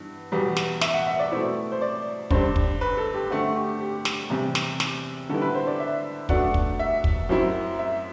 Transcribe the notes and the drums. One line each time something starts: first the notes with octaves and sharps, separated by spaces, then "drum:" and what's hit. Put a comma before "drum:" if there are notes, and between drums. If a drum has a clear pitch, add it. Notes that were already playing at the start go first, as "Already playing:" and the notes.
Already playing: G2 E3 B3
E2 B2 G3 B3
drum: snare
E5, drum: snare
F#5
E5
D5
B2 A3 C4 E4
C5
D5
G2 D3 G3 D4 C5, drum: kick
drum: kick
B4
A4
G4
D3 A3 C4 F#4
G4
G4
drum: snare
E2 C3 G3
drum: snare
drum: snare
D3 G3 B3 E4 A4
B4
C5
D5
E5
B2 F#3 A3 D4 F#5, drum: kick
drum: kick
E5
drum: kick
F#2 F#3 C4 E4
E5